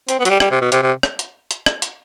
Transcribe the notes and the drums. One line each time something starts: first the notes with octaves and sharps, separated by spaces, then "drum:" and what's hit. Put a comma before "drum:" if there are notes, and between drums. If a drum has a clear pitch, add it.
C4, drum: hi-hat
B3
F#3, drum: hi-hat
G3
G3, drum: rim click
C3
B2
C3, drum: hi-hat
C3
drum: rim click
drum: hi-hat
drum: hi-hat
drum: rim click
drum: hi-hat